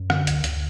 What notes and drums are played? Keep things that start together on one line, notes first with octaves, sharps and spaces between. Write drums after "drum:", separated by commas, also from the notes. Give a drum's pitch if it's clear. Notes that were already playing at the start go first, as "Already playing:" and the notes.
Already playing: F#2
D3, drum: rim click
D2, drum: hi-hat
D2, drum: hi-hat